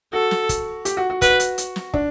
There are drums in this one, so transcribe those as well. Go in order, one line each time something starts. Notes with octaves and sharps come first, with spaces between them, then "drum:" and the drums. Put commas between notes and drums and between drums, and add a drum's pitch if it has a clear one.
F#4 A4
drum: snare
drum: kick, hi-hat
G4, drum: hi-hat
F#4
F#4
F#4 B4, drum: kick, hi-hat
drum: hi-hat
drum: hi-hat
drum: snare
D4, drum: kick